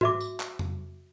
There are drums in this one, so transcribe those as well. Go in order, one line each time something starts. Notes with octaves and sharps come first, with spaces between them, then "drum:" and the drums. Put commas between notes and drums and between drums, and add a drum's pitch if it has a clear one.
F#4 E5 D6, drum: tom G#2
drum: tambourine
drum: clap
drum: tom F2